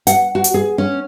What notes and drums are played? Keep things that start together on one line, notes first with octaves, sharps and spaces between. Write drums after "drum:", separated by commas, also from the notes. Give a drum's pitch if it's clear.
F#5, drum: hi-hat
F#4
drum: hi-hat
G#4
C#4